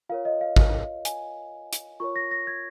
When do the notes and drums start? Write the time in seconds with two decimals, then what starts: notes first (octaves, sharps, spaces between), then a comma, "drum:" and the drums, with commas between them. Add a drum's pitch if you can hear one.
0.09 F4 A#4 C#5 F5
0.25 D#5
0.41 F5
0.56 drum: kick G#1
1.05 G#5, drum: hi-hat
1.73 drum: hi-hat
2.00 F4 A#4 C#5 C#6
2.16 A#6
2.31 A#6
2.47 G#6